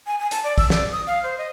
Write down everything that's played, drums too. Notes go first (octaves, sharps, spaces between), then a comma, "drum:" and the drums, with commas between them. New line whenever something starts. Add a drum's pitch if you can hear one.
G#5
G#5
A5, drum: hi-hat
D5
E6, drum: kick, open hi-hat
D5, drum: snare
D#6
F5
C5
D#5